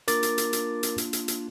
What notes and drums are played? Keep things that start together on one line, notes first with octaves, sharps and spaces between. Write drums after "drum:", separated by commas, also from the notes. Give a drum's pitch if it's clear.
A#3 D4 F4 A#4 D6 A6, drum: hi-hat
drum: hi-hat
drum: hi-hat
drum: hi-hat
drum: hi-hat
drum: hi-hat
drum: hi-hat
drum: hi-hat